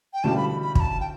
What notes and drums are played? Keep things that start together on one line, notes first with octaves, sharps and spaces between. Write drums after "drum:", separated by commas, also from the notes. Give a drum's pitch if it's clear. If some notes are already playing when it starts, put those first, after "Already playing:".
G5
D2 C#3 E3 G3 A5
B5
B5
B5
B5, drum: kick
A5
G5